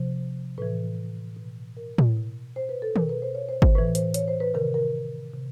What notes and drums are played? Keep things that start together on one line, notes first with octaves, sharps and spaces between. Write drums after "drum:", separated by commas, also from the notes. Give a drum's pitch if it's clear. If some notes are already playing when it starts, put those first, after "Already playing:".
Already playing: C3 F3 C5
A2 E3 B4
B2
A#4
drum: tom A2
B2
C5
B4
A4
B2 A#4, drum: tom D#3
B4
C5
C#5
C5
C5, drum: kick G#1
A2 E3 B4
C5, drum: hi-hat
C#5, drum: hi-hat
C5
B4
C3 D#3 A#4
A#4
C3